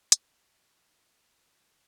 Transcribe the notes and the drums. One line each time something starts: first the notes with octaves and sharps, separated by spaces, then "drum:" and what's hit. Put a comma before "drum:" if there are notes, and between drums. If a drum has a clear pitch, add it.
G#4, drum: hi-hat
F#4
C5
E4